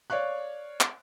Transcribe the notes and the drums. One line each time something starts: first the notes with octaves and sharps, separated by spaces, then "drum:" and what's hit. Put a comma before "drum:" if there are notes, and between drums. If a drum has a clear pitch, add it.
C#5 D5 F5 C#6 F#6
drum: clap